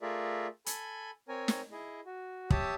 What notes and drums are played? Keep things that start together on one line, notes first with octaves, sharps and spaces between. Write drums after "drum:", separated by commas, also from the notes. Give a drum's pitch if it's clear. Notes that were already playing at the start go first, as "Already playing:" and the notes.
A3 F4 G#4 A#4 D5 E5
A4 G#5 B5, drum: hi-hat
C4 A#4 C#5 G#5
drum: snare
E4 G#4 D#5
F#4
G4 C#5 E5 A5 D#6 E6, drum: kick